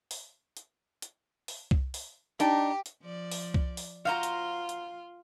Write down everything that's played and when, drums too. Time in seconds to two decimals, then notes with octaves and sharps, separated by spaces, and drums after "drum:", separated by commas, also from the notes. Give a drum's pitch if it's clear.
0.11 drum: open hi-hat
0.57 drum: hi-hat
1.02 drum: hi-hat
1.48 drum: open hi-hat
1.71 drum: kick C2
1.94 drum: open hi-hat
2.40 D4 D#4 G4, drum: hi-hat
2.86 drum: hi-hat
3.02 F3 D5
3.32 drum: open hi-hat
3.54 drum: kick C2
3.77 drum: open hi-hat
4.05 F4 F#4 C5 F5 A#5
4.23 drum: hi-hat
4.69 drum: hi-hat